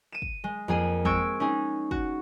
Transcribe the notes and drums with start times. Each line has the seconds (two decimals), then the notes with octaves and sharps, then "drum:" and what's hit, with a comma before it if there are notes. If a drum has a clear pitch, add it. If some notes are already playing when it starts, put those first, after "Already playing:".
0.12 D#7 E7
0.22 drum: kick
0.44 G#3
0.68 F2 A#3 G#4 D#7
1.05 G#3 C4 C#6 E6 G#6 D7, drum: kick
1.40 C#4 D#4 G#4
1.91 F#4, drum: kick